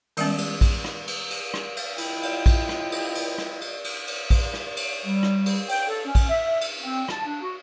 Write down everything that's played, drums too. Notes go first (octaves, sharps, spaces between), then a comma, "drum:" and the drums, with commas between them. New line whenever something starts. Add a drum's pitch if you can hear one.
D#3 G3 G#3 B3 C#4, drum: cymbal
drum: cymbal
drum: kick A#1, cymbal
drum: rim click
drum: cymbal
drum: cymbal
drum: rim click
drum: cymbal
E4 F4 D#5 G5, drum: cymbal
drum: cymbal
drum: kick A#1, cymbal
drum: rim click
drum: cymbal
drum: cymbal
drum: rim click
drum: cymbal
drum: cymbal
drum: cymbal
drum: kick A#1, cymbal
drum: rim click
drum: cymbal
G3
drum: rim click
drum: cymbal
G5, drum: cymbal
A4
C#4
drum: kick A#1, cymbal
E5
drum: cymbal
C4
A5, drum: rim click
D4
F#4